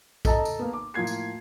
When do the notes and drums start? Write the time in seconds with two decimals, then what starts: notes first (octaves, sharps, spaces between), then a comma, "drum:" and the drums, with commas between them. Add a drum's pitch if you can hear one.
0.25 A4 D#5 A5 A#5, drum: kick A#1, tambourine
0.45 drum: tambourine
0.59 A#3 B3
0.73 D6
0.94 A2 F3 A#3 G#6 C7
1.07 drum: tambourine